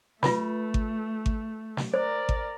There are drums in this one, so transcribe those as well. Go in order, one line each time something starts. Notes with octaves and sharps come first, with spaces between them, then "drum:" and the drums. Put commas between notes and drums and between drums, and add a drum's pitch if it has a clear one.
A3 F4 B4 B5, drum: snare
drum: kick G#1
drum: kick G#1
drum: snare
A#4 C5 D5
drum: kick G#1